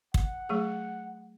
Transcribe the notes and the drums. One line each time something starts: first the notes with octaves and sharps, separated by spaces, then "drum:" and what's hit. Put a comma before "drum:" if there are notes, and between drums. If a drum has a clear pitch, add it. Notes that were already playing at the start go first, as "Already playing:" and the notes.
F#5, drum: kick
F#3 A3 G#4